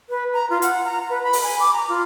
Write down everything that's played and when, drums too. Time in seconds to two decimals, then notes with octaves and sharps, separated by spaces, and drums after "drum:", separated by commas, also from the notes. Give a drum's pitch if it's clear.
0.10 B4
0.33 A#5
0.50 F4
0.62 F#5, drum: hi-hat
0.85 A#5
1.09 B4
1.23 B5
1.33 drum: open hi-hat
1.44 G#5
1.60 D6
1.73 A#5
1.89 F4